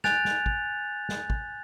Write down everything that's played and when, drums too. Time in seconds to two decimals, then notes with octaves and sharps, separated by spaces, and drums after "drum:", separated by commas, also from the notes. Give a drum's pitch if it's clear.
0.04 G#5 F#6 G6 A6 F7, drum: snare
0.25 drum: snare
0.46 drum: kick
1.09 drum: snare
1.30 drum: kick